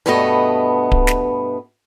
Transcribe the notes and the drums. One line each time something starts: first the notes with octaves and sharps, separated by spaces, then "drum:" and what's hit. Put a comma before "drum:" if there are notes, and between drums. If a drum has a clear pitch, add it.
G2 B2 A3 B3 E4 D#5
drum: kick D1
drum: snare